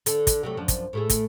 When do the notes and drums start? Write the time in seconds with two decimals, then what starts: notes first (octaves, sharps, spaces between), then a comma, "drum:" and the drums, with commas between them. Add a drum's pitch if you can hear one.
0.06 D3 A4, drum: hi-hat
0.27 drum: kick, hi-hat
0.43 C3 F#3 A3
0.57 F#2 F3 D4
0.68 drum: kick, hi-hat
0.93 A2 A3 G#4
1.10 drum: kick, hi-hat